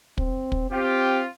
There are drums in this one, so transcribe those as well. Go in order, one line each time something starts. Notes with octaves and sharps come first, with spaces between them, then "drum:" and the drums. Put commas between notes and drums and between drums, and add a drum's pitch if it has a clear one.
C4, drum: kick
drum: kick
C4 F4 G4